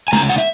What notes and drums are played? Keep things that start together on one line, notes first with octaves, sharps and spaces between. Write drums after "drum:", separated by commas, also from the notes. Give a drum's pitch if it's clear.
G#5
C#3 G#3 C#4 A#5, drum: tom
F#5
E5